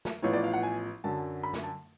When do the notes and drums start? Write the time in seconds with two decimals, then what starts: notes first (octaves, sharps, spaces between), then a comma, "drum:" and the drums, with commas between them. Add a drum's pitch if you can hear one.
0.05 drum: snare
0.22 A1 A2 F3 B3 C#5
0.33 D5
0.43 F5
0.53 F#5
0.63 G#5
1.04 F#2 D3 F#3 A5
1.43 B5
1.53 drum: snare
1.63 A5